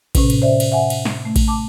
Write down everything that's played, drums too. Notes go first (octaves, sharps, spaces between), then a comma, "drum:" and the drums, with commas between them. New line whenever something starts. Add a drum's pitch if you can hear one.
A2 C3 C#4 B4, drum: kick A1, cymbal
drum: cymbal
C5 D5 E5
drum: cymbal
E5 F#5 G#5
drum: cymbal
drum: snare
A3
drum: kick A1, cymbal
A5 D6